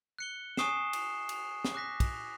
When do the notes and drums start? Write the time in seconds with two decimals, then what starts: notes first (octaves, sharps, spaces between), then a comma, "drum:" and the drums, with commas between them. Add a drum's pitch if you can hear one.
0.19 F#6 C#7 G7
0.57 G#5 C#6 D#6 C7 E7, drum: snare
0.93 drum: cymbal
1.29 drum: cymbal
1.65 drum: snare
1.74 D6 F#6 A#6 B6
2.00 drum: kick, cymbal